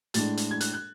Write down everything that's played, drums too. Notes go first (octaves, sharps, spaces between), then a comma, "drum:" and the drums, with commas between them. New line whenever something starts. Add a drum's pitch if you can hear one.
A2 G#3 D4 A6, drum: hi-hat
drum: hi-hat
G#6
F#6, drum: hi-hat
F#6